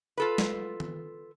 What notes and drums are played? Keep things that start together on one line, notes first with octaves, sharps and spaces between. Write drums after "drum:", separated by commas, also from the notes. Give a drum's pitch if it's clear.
F4 A4 B4
drum: snare
drum: tom D#3